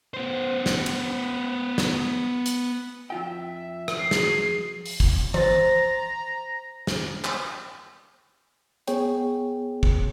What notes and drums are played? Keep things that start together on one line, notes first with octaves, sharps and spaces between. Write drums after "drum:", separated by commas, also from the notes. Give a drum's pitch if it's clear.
B3 C5
drum: snare
drum: cymbal
drum: snare
drum: hi-hat
F2 F4 E5 G5
drum: rim click
C7
F#3 G#4, drum: snare
drum: open hi-hat
drum: kick
C5 A#5 A6, drum: tom E3
drum: snare
drum: clap
B3 G#4 C#5 G5, drum: hi-hat
drum: kick